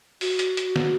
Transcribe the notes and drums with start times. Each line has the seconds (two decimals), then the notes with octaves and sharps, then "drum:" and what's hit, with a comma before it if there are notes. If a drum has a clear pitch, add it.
0.21 F#4, drum: open hi-hat
0.39 drum: hi-hat
0.57 drum: hi-hat
0.76 drum: snare